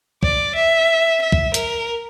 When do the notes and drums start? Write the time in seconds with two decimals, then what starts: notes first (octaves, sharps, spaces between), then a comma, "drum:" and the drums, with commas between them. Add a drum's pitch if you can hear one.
0.23 D5, drum: kick
0.55 E5
1.21 E5
1.32 drum: kick
1.54 A#4, drum: hi-hat